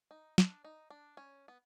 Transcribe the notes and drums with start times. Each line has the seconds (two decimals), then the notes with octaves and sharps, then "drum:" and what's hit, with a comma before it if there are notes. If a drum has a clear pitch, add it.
0.11 D#4
0.38 D4, drum: snare
0.64 D#4
0.90 D4
1.17 C#4
1.48 B3